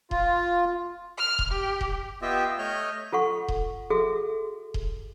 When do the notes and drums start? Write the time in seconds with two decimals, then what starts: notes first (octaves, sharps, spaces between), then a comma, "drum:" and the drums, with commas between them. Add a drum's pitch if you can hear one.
0.11 F4, drum: kick D#1
1.18 F6
1.39 drum: kick D#1
1.52 G4
1.81 drum: kick D#1
2.22 B3 F4 G4 D#5 E5 G5
2.58 A3 C#5 D#5 F6 G6
3.12 F4 A4 F#5 C#6
3.48 drum: kick D#1
3.90 F#4 G#4 A4 E5
4.74 drum: kick D#1